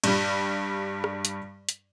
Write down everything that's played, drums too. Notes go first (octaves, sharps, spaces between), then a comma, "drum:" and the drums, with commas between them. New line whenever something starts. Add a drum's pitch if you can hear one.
G2 G3, drum: cymbal
drum: rim click
drum: hi-hat
drum: hi-hat